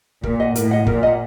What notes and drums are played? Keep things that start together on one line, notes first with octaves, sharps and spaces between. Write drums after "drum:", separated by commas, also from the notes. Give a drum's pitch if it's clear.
A#2 A#4, drum: kick
D#5 F#5
A2 A#4, drum: hi-hat
D#5 F#5
A#2 A#4, drum: kick
D#5 F#5